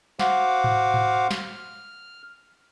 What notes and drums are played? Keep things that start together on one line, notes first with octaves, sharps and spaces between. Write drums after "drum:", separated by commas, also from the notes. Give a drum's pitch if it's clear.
F#4 C5 F5 F#5 D6, drum: snare
drum: tom G#2
drum: tom G#2
F6, drum: snare